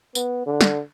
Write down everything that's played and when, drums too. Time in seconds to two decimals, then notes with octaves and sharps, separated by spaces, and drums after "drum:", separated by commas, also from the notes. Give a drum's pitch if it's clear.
0.15 B3, drum: tambourine
0.46 D3
0.61 drum: snare